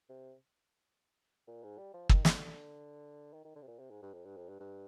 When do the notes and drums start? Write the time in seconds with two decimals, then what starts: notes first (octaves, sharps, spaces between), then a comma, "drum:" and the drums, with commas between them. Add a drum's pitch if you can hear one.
0.09 C3
1.48 A#2
1.64 G#2
1.79 G3
1.94 F3
2.09 D#3, drum: kick
2.25 D3, drum: snare
3.33 D#3
3.45 D#3
3.56 D3
3.62 C3
3.68 A#2
3.79 C3
3.91 G#2
4.02 G2
4.14 F2
4.26 G2
4.37 F2
4.49 G2
4.60 G2